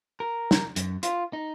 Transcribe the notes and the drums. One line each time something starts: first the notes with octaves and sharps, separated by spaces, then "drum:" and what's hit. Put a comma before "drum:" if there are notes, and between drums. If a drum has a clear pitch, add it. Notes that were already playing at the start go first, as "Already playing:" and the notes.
A#4
drum: snare
F#2, drum: hi-hat
F4, drum: hi-hat
D#4